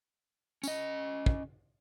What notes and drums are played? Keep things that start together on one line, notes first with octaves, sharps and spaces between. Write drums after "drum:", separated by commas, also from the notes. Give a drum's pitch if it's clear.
C#4 D#5, drum: tambourine
drum: kick